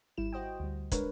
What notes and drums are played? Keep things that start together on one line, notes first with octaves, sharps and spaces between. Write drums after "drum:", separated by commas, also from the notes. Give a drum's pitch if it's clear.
G#1 G3 E4 E7
F#4 C5 D#5 G5
D2 G3
G#3 D4 A#4 B4 C#5, drum: kick, hi-hat